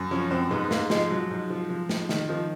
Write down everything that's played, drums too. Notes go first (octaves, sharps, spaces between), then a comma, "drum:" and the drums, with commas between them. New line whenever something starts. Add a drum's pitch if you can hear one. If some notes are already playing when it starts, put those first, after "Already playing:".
Already playing: F#2
F3 C#4
F#2 C4
G#2 B3
G#2 A#3, drum: snare
F3 G#3, drum: snare
F3 F#3
G#2
F3
F3
G#2, drum: snare
D#3, drum: snare
D#3 F3